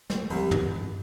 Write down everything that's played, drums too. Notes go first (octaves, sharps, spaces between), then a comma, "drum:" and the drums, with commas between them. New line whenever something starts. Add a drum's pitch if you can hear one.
G3, drum: snare
C2 F3, drum: open hi-hat
E3, drum: tom